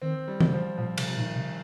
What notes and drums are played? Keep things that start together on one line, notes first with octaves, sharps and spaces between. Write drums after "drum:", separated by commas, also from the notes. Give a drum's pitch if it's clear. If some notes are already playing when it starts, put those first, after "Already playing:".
D#3 C4
G3
C#3, drum: tom E3
F3
A#2 F3
C3, drum: cymbal
C3
A#2 D#3
C3